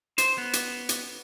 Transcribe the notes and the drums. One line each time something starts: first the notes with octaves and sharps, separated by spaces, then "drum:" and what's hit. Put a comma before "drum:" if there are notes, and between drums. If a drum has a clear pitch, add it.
C5, drum: hi-hat
B3
drum: hi-hat
drum: hi-hat